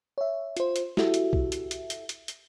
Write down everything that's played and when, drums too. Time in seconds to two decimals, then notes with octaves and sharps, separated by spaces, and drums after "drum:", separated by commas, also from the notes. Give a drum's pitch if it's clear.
0.18 C#5 E5
0.57 F4 C5, drum: hi-hat
0.76 drum: hi-hat
0.97 E4 F#4 G4 A4 E5, drum: snare
1.14 drum: hi-hat
1.33 drum: kick B1
1.52 drum: hi-hat
1.71 drum: hi-hat
1.90 drum: hi-hat
2.09 drum: hi-hat
2.28 drum: hi-hat